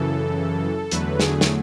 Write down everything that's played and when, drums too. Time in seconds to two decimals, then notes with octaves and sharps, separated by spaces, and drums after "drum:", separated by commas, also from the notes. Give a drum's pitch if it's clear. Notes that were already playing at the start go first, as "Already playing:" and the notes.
Already playing: F#2 C#3 E3 A4
0.91 E2 D3 F#3 A3 B4, drum: hi-hat
1.20 G#4, drum: snare
1.41 drum: snare